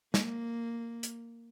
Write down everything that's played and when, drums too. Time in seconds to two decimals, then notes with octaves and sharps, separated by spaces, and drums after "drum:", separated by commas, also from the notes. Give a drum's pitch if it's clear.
0.14 A#3, drum: snare
1.03 drum: hi-hat